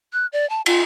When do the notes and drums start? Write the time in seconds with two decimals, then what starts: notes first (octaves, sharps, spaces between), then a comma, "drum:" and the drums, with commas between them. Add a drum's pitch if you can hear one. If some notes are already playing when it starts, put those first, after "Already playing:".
0.13 F#6
0.33 D5
0.50 A5
0.66 F4, drum: cymbal